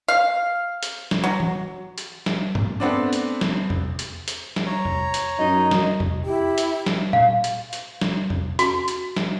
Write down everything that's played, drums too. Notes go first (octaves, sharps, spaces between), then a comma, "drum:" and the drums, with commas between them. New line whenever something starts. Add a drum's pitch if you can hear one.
F5
drum: hi-hat
drum: snare
F#3
drum: tom
drum: hi-hat
drum: snare
drum: tom G2
A3 B3 C4 D4
drum: hi-hat
drum: snare
drum: tom
drum: hi-hat
drum: hi-hat
drum: snare
C#5 A#5
drum: tom
drum: hi-hat
F#2 D#4 D#5
drum: snare
drum: tom
E4 G4
drum: hi-hat
drum: snare
F5, drum: tom A#2
drum: hi-hat
drum: hi-hat
drum: snare
drum: tom
F#4, drum: hi-hat
drum: hi-hat
drum: snare